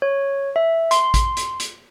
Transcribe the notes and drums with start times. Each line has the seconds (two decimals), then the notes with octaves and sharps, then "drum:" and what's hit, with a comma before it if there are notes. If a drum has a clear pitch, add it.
0.02 C#5
0.56 E5
0.91 C6, drum: hi-hat
1.14 drum: kick A1, hi-hat
1.37 drum: hi-hat
1.60 drum: hi-hat